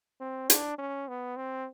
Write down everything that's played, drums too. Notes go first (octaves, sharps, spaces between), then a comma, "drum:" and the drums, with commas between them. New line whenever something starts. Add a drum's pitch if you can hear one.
C4
D4, drum: hi-hat
C#4
B3
C4